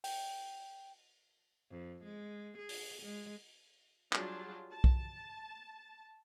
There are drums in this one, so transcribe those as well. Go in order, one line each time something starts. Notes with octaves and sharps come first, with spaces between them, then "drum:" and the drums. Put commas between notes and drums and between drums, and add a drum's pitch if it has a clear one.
G5, drum: open hi-hat
F2
G#3
G#4
drum: open hi-hat
G#3
F#3 G3 D4 F4 G#4 A5, drum: clap
A5
drum: kick B1